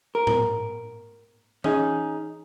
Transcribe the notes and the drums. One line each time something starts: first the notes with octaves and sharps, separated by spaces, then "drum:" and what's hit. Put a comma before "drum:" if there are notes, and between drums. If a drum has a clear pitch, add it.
A#4
drum: tom G#2
C#4 D#4 G#4, drum: tom E3